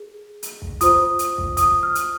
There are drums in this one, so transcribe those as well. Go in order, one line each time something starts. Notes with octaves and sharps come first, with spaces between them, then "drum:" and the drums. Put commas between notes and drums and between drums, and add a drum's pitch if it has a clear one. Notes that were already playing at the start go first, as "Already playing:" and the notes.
Already playing: G#4
drum: hi-hat
drum: kick
F4 C5 D#6, drum: kick, hi-hat
drum: hi-hat
drum: kick
D#6, drum: kick, hi-hat
F6
drum: hi-hat